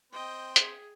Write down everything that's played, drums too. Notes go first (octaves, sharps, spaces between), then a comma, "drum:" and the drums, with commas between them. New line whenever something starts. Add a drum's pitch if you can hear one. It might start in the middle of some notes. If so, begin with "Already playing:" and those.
C4 C5 D#5 G5
G#4, drum: hi-hat